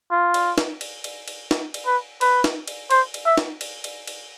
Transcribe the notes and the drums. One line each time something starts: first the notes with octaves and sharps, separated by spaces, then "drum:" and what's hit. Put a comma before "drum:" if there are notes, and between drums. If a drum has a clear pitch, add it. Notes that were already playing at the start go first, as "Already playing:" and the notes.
F4
drum: cymbal
drum: snare
drum: cymbal
drum: cymbal
drum: cymbal
drum: snare
drum: cymbal
B4
B4, drum: cymbal
drum: snare
drum: cymbal
C5, drum: cymbal
drum: cymbal
E5
drum: snare
drum: cymbal
drum: cymbal
drum: cymbal